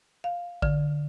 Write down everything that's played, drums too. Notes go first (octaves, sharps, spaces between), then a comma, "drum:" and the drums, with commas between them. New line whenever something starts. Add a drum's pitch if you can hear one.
F5
D3, drum: kick